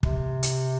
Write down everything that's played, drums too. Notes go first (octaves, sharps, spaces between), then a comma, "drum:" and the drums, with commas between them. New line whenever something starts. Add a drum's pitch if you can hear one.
C3, drum: kick
drum: hi-hat